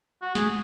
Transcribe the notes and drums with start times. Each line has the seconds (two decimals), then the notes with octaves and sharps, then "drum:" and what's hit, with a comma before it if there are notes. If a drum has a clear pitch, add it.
0.22 F#4
0.35 G#4, drum: snare